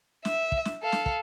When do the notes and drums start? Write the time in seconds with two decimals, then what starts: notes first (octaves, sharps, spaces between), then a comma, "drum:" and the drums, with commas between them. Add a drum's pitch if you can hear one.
0.25 E5, drum: snare
0.52 drum: kick
0.65 drum: snare
0.83 A4 F5
0.92 drum: snare
1.06 drum: kick